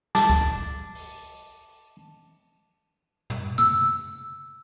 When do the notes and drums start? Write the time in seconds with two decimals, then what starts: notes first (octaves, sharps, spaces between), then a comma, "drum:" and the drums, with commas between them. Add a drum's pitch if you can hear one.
0.15 A5 D6, drum: snare
0.30 drum: kick
0.95 drum: open hi-hat
3.30 drum: tom
3.58 E6, drum: tom